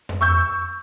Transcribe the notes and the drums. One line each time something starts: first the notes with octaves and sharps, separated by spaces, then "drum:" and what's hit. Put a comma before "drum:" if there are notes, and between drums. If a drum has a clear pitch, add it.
drum: tom F2
C#6 E6 G6